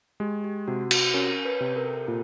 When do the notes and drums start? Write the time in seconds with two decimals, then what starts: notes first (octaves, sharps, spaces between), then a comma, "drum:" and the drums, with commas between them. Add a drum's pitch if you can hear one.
0.20 G#3 G4
0.44 G4
0.68 C3 F#4
0.91 F#4, drum: cymbal
1.14 C#4 A#4
1.45 B4
1.61 C3
1.76 A#4
1.85 A4
1.93 A#4
2.08 A#2 F4